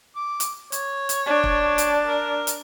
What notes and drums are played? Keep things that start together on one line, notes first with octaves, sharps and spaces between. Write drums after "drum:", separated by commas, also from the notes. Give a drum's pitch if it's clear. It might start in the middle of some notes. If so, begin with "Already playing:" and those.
D6
drum: hi-hat
C#5, drum: hi-hat
drum: hi-hat
D4
drum: kick
drum: hi-hat
A#4
drum: hi-hat